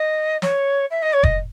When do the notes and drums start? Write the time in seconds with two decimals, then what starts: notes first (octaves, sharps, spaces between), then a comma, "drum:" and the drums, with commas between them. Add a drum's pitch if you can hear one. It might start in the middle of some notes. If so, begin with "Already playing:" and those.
Already playing: D#5
0.42 C#5, drum: snare
0.90 E5
1.02 D#5
1.13 C#5
1.23 D#5, drum: kick F1